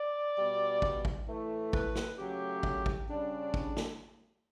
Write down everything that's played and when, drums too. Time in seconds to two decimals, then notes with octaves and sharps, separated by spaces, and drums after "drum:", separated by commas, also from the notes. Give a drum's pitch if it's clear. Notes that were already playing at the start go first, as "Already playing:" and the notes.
Already playing: D5
0.37 B2 G3
0.82 drum: kick
1.05 drum: kick
1.27 A2 E3 A3
1.73 B4, drum: kick
1.95 drum: snare
2.18 C#3 F#3 A3 G4
2.63 drum: kick
2.86 drum: kick
3.08 C#3 G3 D4
3.54 drum: kick
3.76 drum: snare